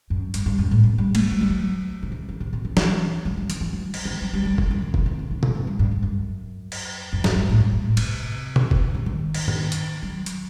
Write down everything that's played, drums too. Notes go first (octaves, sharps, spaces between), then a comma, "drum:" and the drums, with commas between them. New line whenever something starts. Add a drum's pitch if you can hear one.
F#2
G2, drum: hi-hat
G2
F#2
A2
B2
G3
A3, drum: cymbal
F#3
G3
F#3
C3
D#3
D#3
C3
B2
D#3
E3, drum: snare
F#3
E3
E3, drum: hi-hat
E3
F#3
drum: cymbal
E3
F#3
G3
G3
F#3, drum: kick F1
E3
D#3
C3, drum: kick F1
D#3
C3
D#3
C3, drum: tom B2
F#2
G2
G2
G2
F#2
drum: cymbal
F#2
F#2, drum: snare
G2
A2
G2
G2
A2
C3, drum: cymbal
drum: tom B2
drum: kick F1
C3
D#3
drum: cymbal
drum: tom F#2
drum: hi-hat
F#3
drum: hi-hat